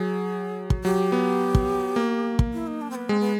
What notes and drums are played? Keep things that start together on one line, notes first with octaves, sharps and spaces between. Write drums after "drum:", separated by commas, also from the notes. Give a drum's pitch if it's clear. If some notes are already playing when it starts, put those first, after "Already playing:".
Already playing: F#3 G#4
drum: kick
F#3 G4
B3
drum: kick
A#3
drum: kick
E4
D#4
D4
C4
B3
G#3 C4
B3